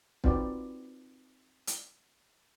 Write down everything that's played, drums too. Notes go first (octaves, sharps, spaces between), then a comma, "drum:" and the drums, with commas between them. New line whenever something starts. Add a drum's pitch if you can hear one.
C4 D#4 F4 F#4 B4 D5, drum: kick
drum: hi-hat